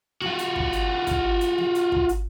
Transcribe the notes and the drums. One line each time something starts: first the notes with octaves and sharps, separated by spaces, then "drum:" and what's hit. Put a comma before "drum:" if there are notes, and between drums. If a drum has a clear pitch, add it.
F4 F#4, drum: snare
drum: hi-hat
drum: kick
drum: hi-hat
drum: kick, hi-hat
drum: hi-hat
drum: snare
drum: hi-hat
drum: kick
drum: hi-hat